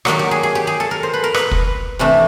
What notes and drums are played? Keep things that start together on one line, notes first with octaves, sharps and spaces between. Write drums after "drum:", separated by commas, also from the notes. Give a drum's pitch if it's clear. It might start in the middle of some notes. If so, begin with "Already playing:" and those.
D#3 F#3 A#3 D4 G4, drum: rim click
G4
G#4
G#4
G4
G#4
A4
A#4
C5
B4
A#4
B4, drum: rim click
drum: kick
C3 E3 A3 D4